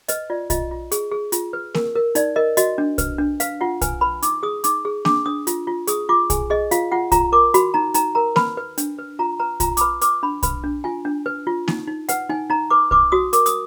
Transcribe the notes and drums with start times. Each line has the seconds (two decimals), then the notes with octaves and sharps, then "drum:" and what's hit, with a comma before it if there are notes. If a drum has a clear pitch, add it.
0.08 B4 D#5, drum: hi-hat
0.30 F4 D5
0.50 F4 D#5, drum: kick, hi-hat
0.71 F4
0.92 G#4, drum: hi-hat
1.12 G#4
1.32 F4, drum: hi-hat
1.53 B4
1.75 A#4, drum: snare A#3
1.96 A#4
2.15 D#4 D5, drum: hi-hat
2.36 A#4 D#5
2.57 F#4 D#5, drum: hi-hat
2.78 D4
2.98 B4, drum: kick, hi-hat
3.18 D4
3.40 B4 F5, drum: hi-hat
3.61 F4 F#5
3.81 B4 G#5, drum: kick, hi-hat
4.01 B4 B5
4.23 D#4 D6, drum: hi-hat
4.43 G#4 D#6
4.64 D#4 D6, drum: hi-hat
4.85 G#4
5.05 D4 D6, drum: snare A#3
5.26 D4 D#6
5.47 F4, drum: hi-hat
5.67 F4
5.87 G#4 D#6, drum: hi-hat
6.09 F4 D6
6.30 G#4 G#5, drum: kick, hi-hat
6.50 G#4 D#5
6.71 F4 F5, drum: hi-hat
6.92 F4 F#5
7.12 F4 A#5, drum: kick, hi-hat
7.32 A#4 D6
7.54 F#4 B5, drum: hi-hat
7.74 D#4 A#5
7.94 D#4 A#5, drum: hi-hat
8.15 A#4 A#5
8.36 B4 B5, drum: snare A#3
8.57 B4
8.78 D4, drum: hi-hat
8.99 B4
9.19 F4 A#5
9.39 B4 A#5
9.60 F4 A#5, drum: kick, hi-hat
9.77 D6, drum: hi-hat
9.81 B4 B5
10.01 B4 D6, drum: hi-hat
10.23 D4 B5
10.43 B4 B5, drum: kick, hi-hat
10.64 D4
10.84 F4 G#5
11.05 D4
11.26 B4
11.47 F4
11.68 D#4, drum: snare A#3
11.87 D#4
12.09 B4 F#5, drum: hi-hat
12.29 D#4 G#5
12.50 D#4 A#5
12.70 B4 D6
12.91 B4 D6, drum: kick
13.12 F#4 D#6
13.33 A#4 D6, drum: hi-hat
13.46 D#6, drum: hi-hat